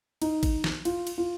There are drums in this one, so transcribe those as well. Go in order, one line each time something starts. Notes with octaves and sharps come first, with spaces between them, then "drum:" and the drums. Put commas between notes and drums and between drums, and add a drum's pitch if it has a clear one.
D#4, drum: cymbal
drum: kick G#1, cymbal
drum: snare
F4, drum: cymbal
drum: cymbal
F4